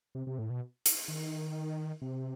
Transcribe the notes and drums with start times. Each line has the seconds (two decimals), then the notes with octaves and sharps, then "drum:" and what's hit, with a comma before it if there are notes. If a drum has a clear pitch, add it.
0.15 C3
0.27 C3
0.39 A2
0.50 B2
0.86 drum: hi-hat
1.08 D#3
2.02 C3